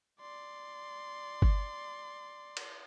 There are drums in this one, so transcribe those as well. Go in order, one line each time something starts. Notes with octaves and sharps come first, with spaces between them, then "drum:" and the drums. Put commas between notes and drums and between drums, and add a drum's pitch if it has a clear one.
D5 C6
drum: kick G1
drum: cymbal